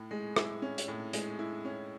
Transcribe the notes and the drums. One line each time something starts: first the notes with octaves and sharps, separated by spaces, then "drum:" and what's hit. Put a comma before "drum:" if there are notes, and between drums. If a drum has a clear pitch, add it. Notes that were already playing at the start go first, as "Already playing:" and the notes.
Already playing: A2
G#3
E4, drum: rim click
C#4
drum: hi-hat
A2
G#3, drum: hi-hat
E4
C#4